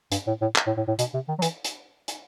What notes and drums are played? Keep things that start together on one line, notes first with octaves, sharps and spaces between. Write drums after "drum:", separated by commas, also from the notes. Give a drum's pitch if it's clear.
G2, drum: hi-hat
A2
A2
drum: clap
A2
A2
A2
B2, drum: hi-hat
C3
D#3
F#3
E3, drum: hi-hat
drum: hi-hat
drum: hi-hat